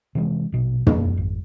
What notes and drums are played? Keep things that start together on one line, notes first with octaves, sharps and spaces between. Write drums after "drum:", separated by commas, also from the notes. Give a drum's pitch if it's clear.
C3 E3 G3 G#3
A#1 B2
E1 F2 A#3 D4, drum: tom
G#1